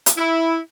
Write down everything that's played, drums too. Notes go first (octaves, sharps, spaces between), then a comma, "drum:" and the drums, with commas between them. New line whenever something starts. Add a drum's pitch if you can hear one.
drum: hi-hat
E4